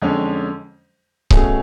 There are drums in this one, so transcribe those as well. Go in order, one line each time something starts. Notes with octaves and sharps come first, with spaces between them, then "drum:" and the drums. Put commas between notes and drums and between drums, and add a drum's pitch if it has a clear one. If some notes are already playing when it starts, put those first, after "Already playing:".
F2 D3 G#3 C#4
B2 A3 C#4 G#4, drum: kick C#1